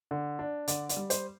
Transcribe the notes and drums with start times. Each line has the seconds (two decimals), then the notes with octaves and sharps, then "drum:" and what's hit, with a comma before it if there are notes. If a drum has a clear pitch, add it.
0.11 D3
0.39 D4
0.68 D3 D5, drum: hi-hat
0.89 D5, drum: hi-hat
0.97 G3
1.10 C5, drum: hi-hat